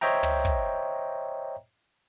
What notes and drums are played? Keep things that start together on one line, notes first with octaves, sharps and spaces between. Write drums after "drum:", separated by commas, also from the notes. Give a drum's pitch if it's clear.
C5 C#5 D#5 E5 G5 A#5
drum: tom
drum: kick